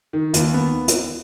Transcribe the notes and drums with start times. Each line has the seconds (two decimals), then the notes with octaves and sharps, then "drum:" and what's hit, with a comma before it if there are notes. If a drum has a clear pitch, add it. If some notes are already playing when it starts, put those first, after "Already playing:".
0.13 D#3
0.34 D#2, drum: hi-hat
0.54 B3
0.88 drum: hi-hat